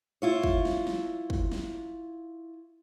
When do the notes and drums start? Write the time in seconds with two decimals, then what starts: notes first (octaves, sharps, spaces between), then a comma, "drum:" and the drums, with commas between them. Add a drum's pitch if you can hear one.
0.22 E4 F4 C#5
0.43 drum: kick
0.65 drum: snare
0.87 drum: snare
1.30 drum: kick
1.51 drum: snare